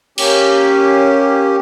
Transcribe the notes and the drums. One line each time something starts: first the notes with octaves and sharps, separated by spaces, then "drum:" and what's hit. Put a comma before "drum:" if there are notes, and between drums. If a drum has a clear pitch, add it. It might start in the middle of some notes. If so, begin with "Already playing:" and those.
A#3 C#4 G4, drum: cymbal